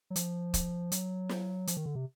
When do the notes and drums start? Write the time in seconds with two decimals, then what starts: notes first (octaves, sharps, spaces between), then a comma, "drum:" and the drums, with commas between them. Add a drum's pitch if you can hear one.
0.10 F#3
0.16 F3, drum: hi-hat
0.54 drum: kick, hi-hat
0.92 F#3, drum: hi-hat
1.29 drum: snare
1.67 F3, drum: hi-hat
1.77 D#3
1.86 D3
1.95 C3